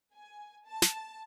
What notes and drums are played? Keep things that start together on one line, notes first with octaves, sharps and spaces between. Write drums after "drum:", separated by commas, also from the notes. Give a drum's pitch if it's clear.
G#5
A5
drum: snare